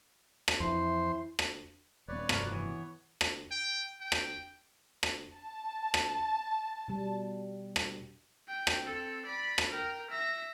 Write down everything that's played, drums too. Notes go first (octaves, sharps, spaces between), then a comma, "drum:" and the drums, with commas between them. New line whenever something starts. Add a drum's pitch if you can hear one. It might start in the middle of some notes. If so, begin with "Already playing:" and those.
drum: rim click
F2 E3 E4 C5
drum: rim click
D#1 B3 B4 C#5 D5
F1 G2 B2 F4 A#4, drum: rim click
E3 B3 C#5
drum: rim click
G5
G5
drum: rim click
drum: rim click
A5
drum: rim click
B2 G3
drum: rim click
G5
drum: rim click
C4 A4
D5 B5
drum: rim click
A#4 G5
E5 A#6